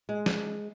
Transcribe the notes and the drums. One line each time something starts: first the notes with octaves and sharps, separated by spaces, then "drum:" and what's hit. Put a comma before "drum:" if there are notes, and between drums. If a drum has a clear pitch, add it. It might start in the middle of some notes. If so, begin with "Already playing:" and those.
G#3
drum: snare